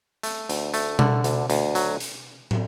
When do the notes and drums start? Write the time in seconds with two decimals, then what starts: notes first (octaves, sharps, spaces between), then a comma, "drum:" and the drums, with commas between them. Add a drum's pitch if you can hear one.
0.23 A3, drum: hi-hat
0.49 D2, drum: hi-hat
0.74 A3, drum: hi-hat
0.99 D3, drum: tom B2
1.24 D2, drum: hi-hat
1.50 D2, drum: hi-hat
1.75 F#3, drum: hi-hat
2.00 drum: hi-hat
2.51 drum: tom